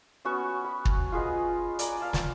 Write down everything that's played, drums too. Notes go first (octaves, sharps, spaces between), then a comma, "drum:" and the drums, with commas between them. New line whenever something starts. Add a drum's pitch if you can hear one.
B3 C#4 F#4 C#6
B5
drum: kick
F4 G#4 B4 D#5
D5 G#5 A#5 D6, drum: hi-hat
B4 F5 A5
drum: snare